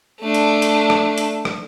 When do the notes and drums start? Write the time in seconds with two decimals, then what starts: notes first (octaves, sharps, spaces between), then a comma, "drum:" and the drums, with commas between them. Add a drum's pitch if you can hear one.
0.21 A3 D4
0.34 drum: hi-hat
0.62 drum: hi-hat
0.90 drum: rim click
1.18 drum: hi-hat
1.45 drum: rim click